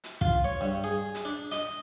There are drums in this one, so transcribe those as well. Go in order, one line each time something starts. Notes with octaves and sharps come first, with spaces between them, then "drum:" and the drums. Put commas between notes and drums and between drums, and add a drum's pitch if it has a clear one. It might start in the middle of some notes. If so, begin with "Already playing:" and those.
drum: hi-hat
F4, drum: kick
C#5
G2
G#4
drum: hi-hat
D4
D#5, drum: hi-hat